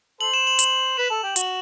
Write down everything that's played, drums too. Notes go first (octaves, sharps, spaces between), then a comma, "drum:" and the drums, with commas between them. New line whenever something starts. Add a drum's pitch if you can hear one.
A4 C5 F#7
E7
F#7
F#7, drum: hi-hat
B4 E7
A4
G4
F#4, drum: hi-hat